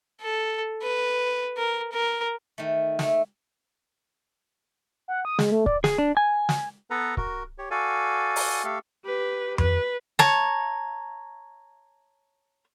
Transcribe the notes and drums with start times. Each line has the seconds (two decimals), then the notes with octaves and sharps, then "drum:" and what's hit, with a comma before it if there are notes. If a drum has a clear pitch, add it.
0.22 A4
0.83 B4
1.57 A#4
1.93 A#4
2.58 D#3 A3
2.99 A3, drum: snare
5.08 F#5
5.25 D#6
5.39 G#3, drum: snare
5.52 A3
5.66 D5, drum: kick C#1
5.84 G#4, drum: snare
5.98 D4
6.17 G#5
6.49 drum: snare
6.90 B3 A4 B4 A#5
7.17 F#4 A#4, drum: kick C#1
7.58 G4 C#5
7.71 F#4 A4 D5 F5 G#5
8.36 drum: open hi-hat
8.64 A3 G4 A4 F5
9.05 G4 B4
9.58 B4, drum: tom F2
10.19 C#5 A5 A#5, drum: snare